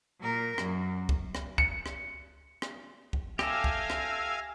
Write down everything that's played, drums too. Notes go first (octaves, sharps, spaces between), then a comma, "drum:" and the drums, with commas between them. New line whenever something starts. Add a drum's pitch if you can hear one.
A#2 A#4
F#2, drum: rim click
drum: kick C2
drum: rim click
C#7, drum: kick C2
drum: rim click
drum: rim click
drum: kick C2
G4 A4 E5 F5 G#5 A#6, drum: rim click
drum: kick C2
drum: rim click